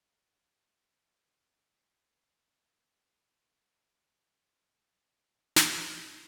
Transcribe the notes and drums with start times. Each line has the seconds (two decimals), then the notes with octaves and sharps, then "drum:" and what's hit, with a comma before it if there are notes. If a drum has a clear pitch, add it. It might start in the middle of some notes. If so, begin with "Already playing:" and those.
0.11 C#5 A#5 B5 F#6 G6 A6
2.34 G#5 C6
2.56 E4 D6
3.67 F#2 A#2 D#3 G#3 F4
5.56 drum: snare